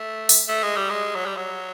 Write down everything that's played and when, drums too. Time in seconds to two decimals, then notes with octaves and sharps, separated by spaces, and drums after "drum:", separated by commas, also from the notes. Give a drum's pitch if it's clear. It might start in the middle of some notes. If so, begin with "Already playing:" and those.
Already playing: A3
0.29 drum: open hi-hat
0.48 A3
0.63 G#3
0.76 G3
0.90 G#3
1.15 F#3
1.26 G3
1.36 F#3